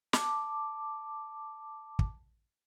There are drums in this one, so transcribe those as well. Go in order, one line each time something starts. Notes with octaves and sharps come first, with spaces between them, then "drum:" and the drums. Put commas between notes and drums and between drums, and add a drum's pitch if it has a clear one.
A5 D6, drum: snare
drum: kick